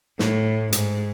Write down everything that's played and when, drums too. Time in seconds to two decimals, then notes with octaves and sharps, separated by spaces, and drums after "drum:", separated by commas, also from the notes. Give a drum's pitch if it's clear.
0.19 A2, drum: snare
0.72 G#2, drum: hi-hat